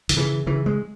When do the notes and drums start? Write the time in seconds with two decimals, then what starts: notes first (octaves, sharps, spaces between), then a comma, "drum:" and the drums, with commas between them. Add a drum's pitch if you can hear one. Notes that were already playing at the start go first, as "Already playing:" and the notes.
0.09 D#3, drum: hi-hat
0.17 C#3 E3
0.46 C#3 E3
0.66 G#3